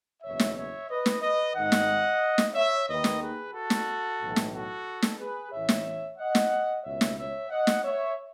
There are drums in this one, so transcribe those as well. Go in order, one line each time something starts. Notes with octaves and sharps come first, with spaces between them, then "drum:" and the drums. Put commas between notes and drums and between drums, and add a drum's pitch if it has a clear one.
F#1 E2 B2 C#5 E5
drum: snare
C#5 E5
B4 D#5
drum: snare
B4 D#5
G#1 G#2 D#3 D#5 F#5
drum: snare
drum: snare
C#5 E5
D#2 D#3 B4 D#5
drum: snare
G#4 B4
F#4 A4
drum: snare
B1 A2 E3
drum: snare
F#4 A4
drum: snare
G#4 B4
A1 A2 E3 C#5 E5
drum: snare
D#5 F#5
drum: snare
C#2 B2 C#5 E5
drum: snare
C#5 E5
D#5 F#5
drum: snare
C#5 E5